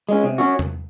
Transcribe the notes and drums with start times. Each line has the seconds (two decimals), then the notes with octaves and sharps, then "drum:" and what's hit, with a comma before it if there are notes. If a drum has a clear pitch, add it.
0.09 G#3 C#4
0.23 C3
0.38 C#4 F#4
0.59 drum: tom E2